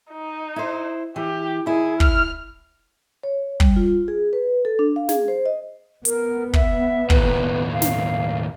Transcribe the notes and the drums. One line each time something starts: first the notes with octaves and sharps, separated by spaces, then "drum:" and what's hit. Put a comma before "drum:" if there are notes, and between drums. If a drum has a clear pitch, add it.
D#4
E4 C5
E3 G4
D#2 E4 G#4
F6, drum: kick
C#5
G3, drum: kick
F4
G#4
B4
A4
D4
F5
G#4, drum: snare
C5
D#5
B3 A#4, drum: hi-hat
E5, drum: kick
D#2 A2 B4, drum: kick
F5
drum: snare